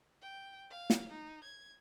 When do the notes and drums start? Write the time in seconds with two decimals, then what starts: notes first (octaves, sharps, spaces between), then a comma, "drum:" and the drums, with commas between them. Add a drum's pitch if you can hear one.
0.22 G5
0.70 F5
0.90 drum: snare
1.09 D#4
1.44 G#6